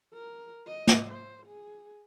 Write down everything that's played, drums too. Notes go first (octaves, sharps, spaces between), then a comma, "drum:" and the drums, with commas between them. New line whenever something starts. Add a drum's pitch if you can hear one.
A#4
D#5
drum: snare
C5
G#4